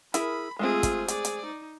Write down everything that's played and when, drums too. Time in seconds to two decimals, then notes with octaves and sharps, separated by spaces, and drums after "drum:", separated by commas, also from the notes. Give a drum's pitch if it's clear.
0.14 E4 G#4 A#4 B5, drum: hi-hat
0.59 G#3 A3 C4 F4 G#4
0.83 drum: kick, hi-hat
1.08 G#4 D5, drum: hi-hat
1.25 drum: hi-hat
1.46 D#4